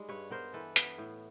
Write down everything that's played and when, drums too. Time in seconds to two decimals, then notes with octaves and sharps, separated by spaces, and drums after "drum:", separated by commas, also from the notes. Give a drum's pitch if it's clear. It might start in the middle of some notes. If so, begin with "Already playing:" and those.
Already playing: G3 G#3 D#4
0.09 G2 B4 C#5
0.30 B3 A#4 C5
0.53 E3 A4 B4
0.76 B3, drum: hi-hat
0.98 A2